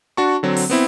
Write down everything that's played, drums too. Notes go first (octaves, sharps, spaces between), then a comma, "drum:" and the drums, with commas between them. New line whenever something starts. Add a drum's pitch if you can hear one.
D4 F#4 A5 C#6
D3 F#3 C4
drum: open hi-hat
B3 C4 E4